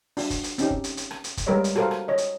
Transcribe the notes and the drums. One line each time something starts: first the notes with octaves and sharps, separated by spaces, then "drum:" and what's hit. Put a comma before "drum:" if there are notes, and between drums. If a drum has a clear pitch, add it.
D4 F#4, drum: open hi-hat
drum: kick, hi-hat
drum: hi-hat
C4 C#4 D#4 G4, drum: hi-hat
drum: kick
drum: hi-hat
drum: hi-hat
drum: rim click
drum: hi-hat
drum: kick, hi-hat
G3 G#3 A#4 B4 C#5 D#5
drum: hi-hat
F#4 G4 A4 A#4 C5 F5, drum: rim click
drum: rim click
C#5 D#5
drum: hi-hat